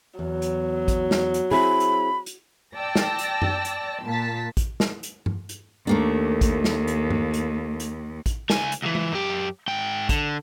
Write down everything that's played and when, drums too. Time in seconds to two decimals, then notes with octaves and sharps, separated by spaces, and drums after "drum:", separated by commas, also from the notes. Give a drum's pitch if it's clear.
0.19 E2 F#3
0.42 drum: hi-hat
0.88 drum: kick, hi-hat
1.11 drum: snare
1.34 drum: hi-hat
1.51 C4 E4 G#4 B5
1.80 drum: hi-hat
2.26 drum: hi-hat
2.77 D5 G5 A5 E6 A#6
2.95 drum: snare
3.19 drum: hi-hat
3.42 drum: tom F#2
3.65 drum: hi-hat
4.05 A#2 A5 A6 B6
4.57 drum: kick, hi-hat
4.80 drum: snare
5.03 drum: hi-hat
5.26 drum: tom G2
5.49 drum: hi-hat
5.87 D#2 A3 A#3 D4
6.41 drum: kick, hi-hat
6.64 drum: snare
6.87 drum: hi-hat
7.10 drum: tom G2
7.34 drum: hi-hat
7.80 drum: hi-hat
8.26 drum: kick, hi-hat
8.50 C#2 G#5, drum: snare
8.72 drum: hi-hat
8.82 C#2 E3
8.95 drum: tom G#3
9.12 F#2 G4
9.68 G#2 G5
10.09 D3, drum: kick, hi-hat